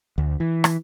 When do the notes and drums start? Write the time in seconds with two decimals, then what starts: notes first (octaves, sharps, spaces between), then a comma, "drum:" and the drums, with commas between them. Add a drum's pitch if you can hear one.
0.18 D2
0.40 E3
0.64 drum: rim click